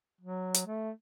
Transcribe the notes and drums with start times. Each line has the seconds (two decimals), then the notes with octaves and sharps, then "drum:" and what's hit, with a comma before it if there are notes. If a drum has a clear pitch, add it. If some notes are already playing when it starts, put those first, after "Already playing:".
0.21 F#3
0.54 drum: hi-hat
0.67 A3